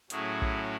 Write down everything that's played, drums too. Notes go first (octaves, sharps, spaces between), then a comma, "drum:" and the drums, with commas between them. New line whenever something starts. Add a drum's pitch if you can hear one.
A2 F#3 C#4 E4 G#4, drum: hi-hat
drum: kick A#1